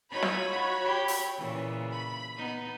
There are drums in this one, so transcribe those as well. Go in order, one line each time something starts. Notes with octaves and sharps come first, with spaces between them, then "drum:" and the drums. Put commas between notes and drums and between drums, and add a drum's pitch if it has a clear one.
D#4 F4 F#4 C#5 B5
drum: snare
G4
drum: open hi-hat
A#2 C#3 E3
B5
B3 D#4